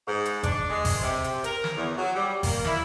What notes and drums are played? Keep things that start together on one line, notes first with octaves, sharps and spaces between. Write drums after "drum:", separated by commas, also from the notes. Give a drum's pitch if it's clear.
G#2
drum: hi-hat
D4, drum: kick G#1, hi-hat
G#3
drum: kick G#1, open hi-hat
C3
drum: hi-hat
A#4, drum: hi-hat
drum: snare
E2
F#3
G3
A#3, drum: kick G#1, open hi-hat
E4, drum: snare